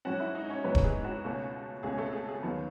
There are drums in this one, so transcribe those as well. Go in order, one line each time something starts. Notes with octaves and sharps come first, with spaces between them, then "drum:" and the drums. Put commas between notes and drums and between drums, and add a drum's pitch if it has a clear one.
G#2 F#3 C#4 F#4 F#5
E4 E5
D#4 D#5
C#4 C#5
G#2 F#3 B3 C#4 B4
drum: kick D#1
G#4
F#4
C#2 B2 A3 C#4
C#2 B2 A3 C#4 G#4
A3 A4
G#4
G#4
D#2 D#3 F#3 B3